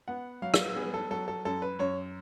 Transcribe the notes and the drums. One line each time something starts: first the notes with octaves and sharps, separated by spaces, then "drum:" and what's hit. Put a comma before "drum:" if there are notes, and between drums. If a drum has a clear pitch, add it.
B3 F#5
F#3 F5
drum: rim click
B3 G#4
A4
F#3 A4
A4
F#2 A4
B4
F#2 C#5